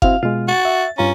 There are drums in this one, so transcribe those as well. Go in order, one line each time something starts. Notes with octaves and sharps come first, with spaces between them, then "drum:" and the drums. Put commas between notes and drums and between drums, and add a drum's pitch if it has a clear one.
C4 E4 F#4 F5, drum: kick F#1
B2 G#3 F4
F#4 A6
E5
G2 C#4 F4 A#5